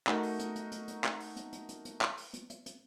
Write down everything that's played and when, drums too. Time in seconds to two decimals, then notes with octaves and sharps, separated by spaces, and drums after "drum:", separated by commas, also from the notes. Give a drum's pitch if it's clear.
0.07 A3 D#4 F#4 A#4, drum: clap
0.23 drum: open hi-hat
0.39 drum: hi-hat
0.56 drum: hi-hat
0.72 drum: hi-hat
0.88 drum: hi-hat
1.04 drum: clap
1.20 drum: open hi-hat
1.37 drum: hi-hat
1.53 drum: hi-hat
1.69 drum: hi-hat
1.85 drum: hi-hat
2.01 drum: clap
2.18 drum: open hi-hat
2.34 drum: hi-hat
2.50 drum: hi-hat
2.66 drum: hi-hat